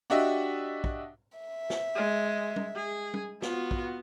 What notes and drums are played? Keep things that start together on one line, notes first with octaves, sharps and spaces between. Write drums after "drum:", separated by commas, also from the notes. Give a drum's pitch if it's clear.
D4 F#4 G4 D#5 E5
drum: kick
E5
drum: snare
G#3
drum: tom
G#4
drum: tom
B3 F4 F#4, drum: snare
drum: kick